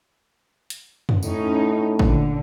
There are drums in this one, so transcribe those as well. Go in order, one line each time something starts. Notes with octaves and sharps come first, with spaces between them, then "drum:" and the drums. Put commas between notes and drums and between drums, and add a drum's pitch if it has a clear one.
drum: hi-hat
drum: tom
A2 C#4 D#4, drum: tambourine
A#2 D3, drum: kick G#1